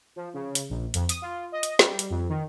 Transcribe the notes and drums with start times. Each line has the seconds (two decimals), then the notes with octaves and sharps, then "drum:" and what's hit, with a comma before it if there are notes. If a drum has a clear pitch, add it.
0.16 F3
0.34 C#3
0.55 drum: hi-hat
0.70 A#1
0.94 F2, drum: hi-hat
1.09 D#6, drum: hi-hat
1.22 F4
1.52 D#5
1.63 drum: hi-hat
1.79 G3, drum: snare
1.99 drum: hi-hat
2.10 F2
2.29 D#3